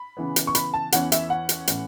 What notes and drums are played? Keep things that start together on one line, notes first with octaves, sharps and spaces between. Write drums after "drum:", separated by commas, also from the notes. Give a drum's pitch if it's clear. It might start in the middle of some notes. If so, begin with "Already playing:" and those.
Already playing: B5
C#3 E3 B3
drum: hi-hat
C#6
B5, drum: hi-hat
A5
E2 E3 C#4 F#5, drum: hi-hat
E5, drum: hi-hat
F#5
drum: hi-hat
A2 E3 C#4, drum: hi-hat